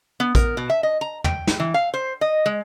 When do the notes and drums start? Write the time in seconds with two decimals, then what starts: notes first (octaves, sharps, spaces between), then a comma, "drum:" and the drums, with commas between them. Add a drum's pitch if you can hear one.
0.20 B3
0.35 A#4, drum: kick, hi-hat
0.57 B2
0.70 E5
0.83 D#5
1.01 A#5
1.24 G5, drum: tom
1.47 drum: snare
1.60 E3
1.74 F5
1.94 C5
2.21 D#5
2.46 G#3